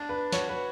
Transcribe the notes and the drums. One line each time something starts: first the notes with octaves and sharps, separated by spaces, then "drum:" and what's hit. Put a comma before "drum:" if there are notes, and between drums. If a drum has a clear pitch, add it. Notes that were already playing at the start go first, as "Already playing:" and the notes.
Already playing: D4
B4
F#4 C#5, drum: snare
B4